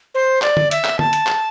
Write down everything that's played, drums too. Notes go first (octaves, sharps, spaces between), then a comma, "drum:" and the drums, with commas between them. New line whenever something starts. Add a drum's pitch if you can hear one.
C5
D5, drum: clap
drum: tom D3
E5, drum: hi-hat
drum: clap
A5, drum: tom D3
drum: hi-hat
drum: clap